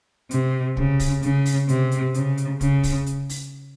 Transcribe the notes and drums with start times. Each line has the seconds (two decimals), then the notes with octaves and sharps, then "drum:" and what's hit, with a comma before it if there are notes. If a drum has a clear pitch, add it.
0.31 C3, drum: hi-hat
0.77 C#3, drum: kick
1.00 drum: kick, open hi-hat
1.22 C#3, drum: hi-hat
1.46 drum: open hi-hat
1.69 C3, drum: hi-hat
1.91 drum: hi-hat
2.14 C#3, drum: hi-hat
2.37 drum: hi-hat
2.61 C#3, drum: kick, hi-hat
2.83 drum: kick, open hi-hat
3.06 drum: hi-hat
3.29 drum: open hi-hat